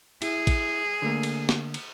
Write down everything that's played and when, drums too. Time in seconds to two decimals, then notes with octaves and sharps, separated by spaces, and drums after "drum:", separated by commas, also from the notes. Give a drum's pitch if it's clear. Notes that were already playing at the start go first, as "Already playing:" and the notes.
0.22 E4 G#4, drum: cymbal
0.47 drum: kick A1, cymbal
1.02 D3 A3 A#3
1.23 drum: cymbal
1.49 drum: snare
1.74 drum: cymbal